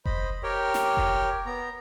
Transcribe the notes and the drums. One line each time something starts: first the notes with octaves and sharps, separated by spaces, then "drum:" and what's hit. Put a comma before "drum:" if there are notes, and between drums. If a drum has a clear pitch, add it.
C5 D#5 B5, drum: kick F1
G4 A#4 C#5 G5
drum: snare
drum: kick F1
B3 A#5